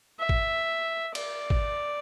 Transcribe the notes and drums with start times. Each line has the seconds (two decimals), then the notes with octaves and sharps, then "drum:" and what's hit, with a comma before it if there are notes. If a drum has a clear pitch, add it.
0.19 E5
0.29 drum: kick G#1
1.15 D5, drum: cymbal
1.50 drum: kick G#1